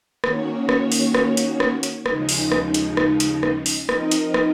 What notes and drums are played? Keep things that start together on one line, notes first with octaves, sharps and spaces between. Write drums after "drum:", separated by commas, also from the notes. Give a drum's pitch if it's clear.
D#3 A#3 C#4 F#4 C#5, drum: rim click
drum: rim click
drum: open hi-hat
drum: rim click
drum: hi-hat
drum: rim click
drum: hi-hat
D#2 C#3 F3 G#3 D#4, drum: rim click
drum: open hi-hat
drum: rim click
drum: hi-hat
drum: rim click
drum: hi-hat
drum: rim click
drum: open hi-hat
F3 C4 D#4 A#4 D#5, drum: rim click
drum: hi-hat
drum: rim click